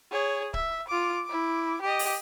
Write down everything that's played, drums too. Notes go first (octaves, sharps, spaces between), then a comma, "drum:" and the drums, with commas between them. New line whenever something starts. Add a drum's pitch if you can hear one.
G#4 C#5
E5, drum: kick C#1
F4 D6
E4 D6
G4 D#5
drum: open hi-hat